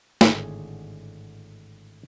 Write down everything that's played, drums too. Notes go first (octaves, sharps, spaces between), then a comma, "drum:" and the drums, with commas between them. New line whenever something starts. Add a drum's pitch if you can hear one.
G#1 A2 D3 G#4, drum: snare